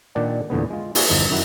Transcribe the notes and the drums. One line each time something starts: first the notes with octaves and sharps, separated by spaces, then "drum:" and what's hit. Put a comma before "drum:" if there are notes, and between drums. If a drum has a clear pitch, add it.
A#2 D#3 D4 D5 F#5 G5
E2 A#2 D3 B3
G#3 F4
A#3 E4 F#4 G#4 D5 F5, drum: open hi-hat
G1 E2 F3 D#4 A#4
F#2 D#3 E4 A#4 F#5